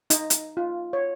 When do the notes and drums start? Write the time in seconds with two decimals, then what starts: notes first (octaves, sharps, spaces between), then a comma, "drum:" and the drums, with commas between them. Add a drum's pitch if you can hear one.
0.10 D#4, drum: hi-hat
0.30 drum: hi-hat
0.57 F4
0.93 C#5